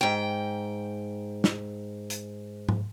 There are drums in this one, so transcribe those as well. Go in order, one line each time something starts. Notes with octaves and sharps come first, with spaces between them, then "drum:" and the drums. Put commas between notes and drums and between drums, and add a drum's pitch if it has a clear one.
G#2 G5
drum: snare
drum: hi-hat
drum: tom G#2